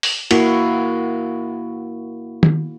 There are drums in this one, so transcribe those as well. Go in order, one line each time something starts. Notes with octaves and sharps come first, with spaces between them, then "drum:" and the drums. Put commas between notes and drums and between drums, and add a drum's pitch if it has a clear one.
drum: open hi-hat
A#3 E4 F#4, drum: cymbal
drum: tom